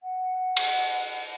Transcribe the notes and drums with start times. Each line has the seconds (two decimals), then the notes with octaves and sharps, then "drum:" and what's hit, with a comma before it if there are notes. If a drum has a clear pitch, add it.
0.01 F#5
0.57 drum: cymbal